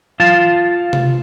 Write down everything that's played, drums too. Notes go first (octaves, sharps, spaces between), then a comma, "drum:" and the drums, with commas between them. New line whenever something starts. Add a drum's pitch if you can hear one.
F4 A5
drum: tom C3